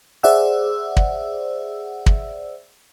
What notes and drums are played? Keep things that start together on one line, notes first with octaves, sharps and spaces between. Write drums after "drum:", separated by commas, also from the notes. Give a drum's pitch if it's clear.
G#4 C5 D5 E5 F#5 E6
drum: kick
drum: kick